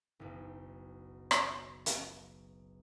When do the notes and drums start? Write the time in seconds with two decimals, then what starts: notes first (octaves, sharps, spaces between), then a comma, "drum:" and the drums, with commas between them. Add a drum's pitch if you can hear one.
0.19 F#1 B1
1.31 drum: rim click
1.86 drum: hi-hat